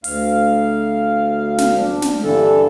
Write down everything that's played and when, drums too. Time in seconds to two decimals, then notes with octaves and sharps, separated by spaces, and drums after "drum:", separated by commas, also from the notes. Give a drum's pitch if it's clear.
0.04 D2 F5, drum: open hi-hat
1.58 drum: snare
1.76 D4
2.02 drum: snare
2.24 G2 D3 E3 A4